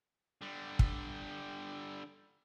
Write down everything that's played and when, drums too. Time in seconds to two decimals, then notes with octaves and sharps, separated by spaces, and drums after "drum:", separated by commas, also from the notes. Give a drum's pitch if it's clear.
0.42 D3 G3
0.79 drum: kick